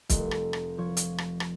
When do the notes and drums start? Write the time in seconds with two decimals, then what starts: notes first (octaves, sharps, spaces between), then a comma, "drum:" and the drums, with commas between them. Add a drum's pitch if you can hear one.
0.10 F1 A3, drum: kick, hi-hat
0.31 drum: rim click
0.53 drum: rim click
0.78 F3 C#5
0.97 drum: hi-hat
1.18 drum: rim click
1.40 drum: rim click